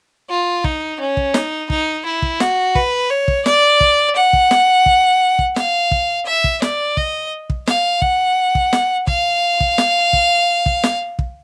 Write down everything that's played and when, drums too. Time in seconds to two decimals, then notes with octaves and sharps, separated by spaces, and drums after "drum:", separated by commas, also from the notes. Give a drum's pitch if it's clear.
0.30 F4
0.64 D#4, drum: kick
1.00 C#4
1.17 drum: kick
1.34 D#4, drum: snare
1.70 D#4, drum: kick
2.05 E4
2.22 drum: kick
2.40 F#4, drum: snare
2.75 B4, drum: kick
3.10 C#5
3.28 drum: kick
3.46 D5, drum: snare
3.81 drum: kick
4.16 F#5
4.33 drum: kick
4.51 drum: snare
4.86 drum: kick
5.39 drum: kick
5.56 F5, drum: snare
5.91 drum: kick
6.26 E5
6.44 drum: kick
6.62 D5, drum: snare
6.97 D#5, drum: kick
7.50 drum: kick
7.67 F5, drum: snare
8.02 F#5, drum: kick
8.55 drum: kick
8.73 drum: snare
9.07 F5, drum: kick
9.60 drum: kick
9.78 drum: snare
10.13 drum: kick
10.66 drum: kick
10.84 drum: snare
11.19 drum: kick